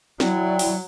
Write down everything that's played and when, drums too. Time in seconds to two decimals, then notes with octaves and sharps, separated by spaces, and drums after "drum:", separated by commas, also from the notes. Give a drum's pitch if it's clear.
0.20 F#3 E4 D5 G5, drum: snare
0.59 drum: open hi-hat